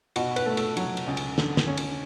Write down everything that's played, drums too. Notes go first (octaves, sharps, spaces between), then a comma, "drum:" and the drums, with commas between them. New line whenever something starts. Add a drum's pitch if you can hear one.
B2 F#4, drum: cymbal
B4, drum: cymbal
A3
A4, drum: cymbal
F#3, drum: cymbal
drum: cymbal
C#2
drum: cymbal
D3, drum: snare
drum: snare
C#4
drum: cymbal